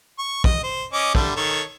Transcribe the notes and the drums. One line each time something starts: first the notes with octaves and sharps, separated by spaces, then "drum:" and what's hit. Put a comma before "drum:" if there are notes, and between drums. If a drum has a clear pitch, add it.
C#6
D#5, drum: kick
C5
C#4 D#5 D6
D3 G3 A3, drum: kick
D#3 A4 C#5